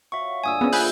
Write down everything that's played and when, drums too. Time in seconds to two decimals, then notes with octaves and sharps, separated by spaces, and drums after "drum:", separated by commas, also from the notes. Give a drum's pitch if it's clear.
0.12 F#4 C#5 E5 F5 C#6
0.44 G2 A#2 D3 G#5 D#6 E6
0.61 F3 B3 C#4 G#4 E5 A#5 E6
0.73 G#5 B5 F#6 G6, drum: open hi-hat